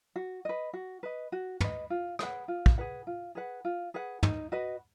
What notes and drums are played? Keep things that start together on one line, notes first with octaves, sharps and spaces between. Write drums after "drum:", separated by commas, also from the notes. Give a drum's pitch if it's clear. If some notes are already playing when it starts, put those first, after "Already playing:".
F#4
B4 D#5
F#4
B4 D#5
F#4
B4 D#5, drum: tom
F4
G#4 B4 F#5, drum: rim click
F4
drum: kick
G#4 B4 F#5
F4
G#4 B4 F#5
F4
G#4 B4 F#5
D#4, drum: tom
F#4 B4 D#5